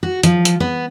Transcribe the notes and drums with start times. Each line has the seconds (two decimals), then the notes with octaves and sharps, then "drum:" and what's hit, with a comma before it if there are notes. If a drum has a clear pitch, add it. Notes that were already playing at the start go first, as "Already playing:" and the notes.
0.03 F#4
0.23 F3, drum: hi-hat
0.45 drum: hi-hat
0.60 B3